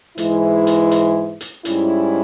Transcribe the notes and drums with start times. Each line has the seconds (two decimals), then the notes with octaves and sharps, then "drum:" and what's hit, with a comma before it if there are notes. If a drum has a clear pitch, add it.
0.18 G#2 E3 G#3 E4, drum: hi-hat
0.67 drum: hi-hat
0.91 drum: hi-hat
1.41 drum: hi-hat
1.65 G#2 G3 C#4 E4, drum: hi-hat